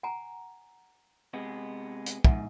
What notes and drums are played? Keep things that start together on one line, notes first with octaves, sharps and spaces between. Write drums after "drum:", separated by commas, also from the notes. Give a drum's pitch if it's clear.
F#5 G#5 A#5
C3 G#3 B3
drum: hi-hat
E2 G#2 E5 F#5, drum: kick